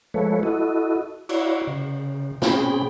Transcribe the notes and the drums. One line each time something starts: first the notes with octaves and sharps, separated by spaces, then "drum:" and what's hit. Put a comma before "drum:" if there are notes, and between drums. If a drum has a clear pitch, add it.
F3 G#3 A3 A4 B4 C#5
E4 F#4 A4 D#5
E4 F#4 C#5 D5, drum: cymbal
C#3
B2 C4 C#4 G#4 G5 B5, drum: snare